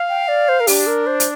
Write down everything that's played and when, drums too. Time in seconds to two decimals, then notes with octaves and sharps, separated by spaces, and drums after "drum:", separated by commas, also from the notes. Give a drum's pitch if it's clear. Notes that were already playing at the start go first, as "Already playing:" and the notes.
Already playing: F5
0.09 G5
0.28 D5
0.49 C5
0.60 A#4
0.67 D4 G4, drum: open hi-hat
0.87 A#4
1.07 C5
1.20 drum: hi-hat